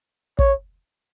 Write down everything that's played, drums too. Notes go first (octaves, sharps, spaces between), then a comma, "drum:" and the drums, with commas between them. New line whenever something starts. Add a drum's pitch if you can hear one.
C#5, drum: kick